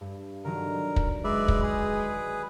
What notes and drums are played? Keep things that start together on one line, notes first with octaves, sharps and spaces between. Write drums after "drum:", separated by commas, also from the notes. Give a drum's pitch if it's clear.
G2
D3 D#3 F#3 A#4
drum: kick
G#3 B4 D5 E5
drum: kick
G#4 B4